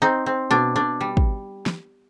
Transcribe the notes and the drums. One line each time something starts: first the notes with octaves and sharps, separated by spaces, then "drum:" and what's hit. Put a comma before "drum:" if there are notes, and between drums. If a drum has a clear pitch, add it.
C4 D#4
C4
B2 D4
B2 D4
G3
drum: kick
drum: snare